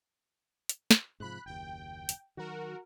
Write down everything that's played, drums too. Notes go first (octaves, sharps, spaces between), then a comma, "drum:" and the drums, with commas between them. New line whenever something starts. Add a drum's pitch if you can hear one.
drum: hi-hat
drum: snare
G#2 C3 F3 B5 F#6
F#1 D#2 G5
drum: hi-hat
D#3 F#3 F#4 A#4